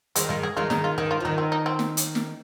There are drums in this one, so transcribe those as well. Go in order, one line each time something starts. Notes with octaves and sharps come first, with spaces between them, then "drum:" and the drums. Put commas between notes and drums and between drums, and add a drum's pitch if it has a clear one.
D#3 G#3 C4, drum: hi-hat
D#3 G#3 F4
G#4
D#3 G#3 F4
D#3 G#3 D#4, drum: snare
F4
D#3 G#4
F4
F3
D#3 D#4
C4
D#4
C4
drum: snare
drum: hi-hat
drum: snare